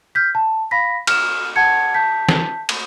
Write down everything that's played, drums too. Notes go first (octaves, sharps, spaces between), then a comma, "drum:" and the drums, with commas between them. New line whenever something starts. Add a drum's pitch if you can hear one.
F6 G6 B6
A5
F5 B5 A#6 B6
F6 E7, drum: cymbal
F#5 A5 G#6 C#7
A5 G6 B6
drum: snare
drum: cymbal